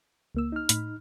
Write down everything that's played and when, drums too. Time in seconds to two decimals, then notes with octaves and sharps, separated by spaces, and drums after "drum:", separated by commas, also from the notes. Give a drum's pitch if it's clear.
0.35 C#2 A#3 E6
0.52 D#4 F6
0.69 A2 B5, drum: hi-hat